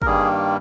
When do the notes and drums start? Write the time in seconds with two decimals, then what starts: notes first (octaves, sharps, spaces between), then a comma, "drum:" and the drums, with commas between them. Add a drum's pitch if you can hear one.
0.02 A#4, drum: kick
0.06 G2 D#3 G3 A#3 G#4